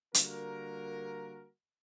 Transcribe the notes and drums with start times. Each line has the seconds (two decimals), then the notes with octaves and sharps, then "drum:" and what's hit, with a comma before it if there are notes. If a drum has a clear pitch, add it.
0.14 D3 G3 A#3 F#4 A#4, drum: hi-hat